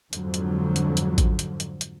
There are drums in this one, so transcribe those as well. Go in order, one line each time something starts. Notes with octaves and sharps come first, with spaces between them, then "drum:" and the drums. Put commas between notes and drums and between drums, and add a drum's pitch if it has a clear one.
F2 G#2 D3 F3 F#3, drum: hi-hat
drum: hi-hat
drum: hi-hat
drum: hi-hat
drum: kick A1, hi-hat
drum: hi-hat
drum: hi-hat
drum: hi-hat